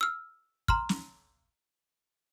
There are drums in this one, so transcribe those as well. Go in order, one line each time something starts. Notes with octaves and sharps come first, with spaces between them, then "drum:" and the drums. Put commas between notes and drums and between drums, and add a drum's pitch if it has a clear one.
E6 F6
A#5 C6 F6, drum: kick
drum: snare